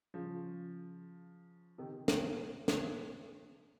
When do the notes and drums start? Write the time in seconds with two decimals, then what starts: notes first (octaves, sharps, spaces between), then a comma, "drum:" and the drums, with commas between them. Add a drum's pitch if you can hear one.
0.14 C#3 F3
1.78 C3 D#3
2.08 drum: snare
2.68 drum: snare